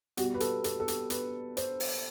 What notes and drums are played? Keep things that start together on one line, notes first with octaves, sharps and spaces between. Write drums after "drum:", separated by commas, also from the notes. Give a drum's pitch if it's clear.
B2 G3 F#4, drum: hi-hat
B4
A4, drum: hi-hat
A4, drum: hi-hat
A4
G4, drum: hi-hat
B4, drum: hi-hat
C5, drum: hi-hat
drum: open hi-hat